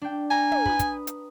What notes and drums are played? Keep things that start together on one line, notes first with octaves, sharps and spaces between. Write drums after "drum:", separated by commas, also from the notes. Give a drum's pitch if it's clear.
D4 G5
G#5 A#5
drum: tom
B4 D#6, drum: kick
drum: kick, hi-hat
drum: hi-hat